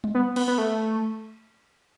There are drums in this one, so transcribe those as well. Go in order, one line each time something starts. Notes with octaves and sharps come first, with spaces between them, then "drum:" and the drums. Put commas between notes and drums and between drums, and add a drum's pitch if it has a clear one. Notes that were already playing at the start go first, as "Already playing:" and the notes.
drum: tom G3
B3
B3, drum: cymbal
B3
A3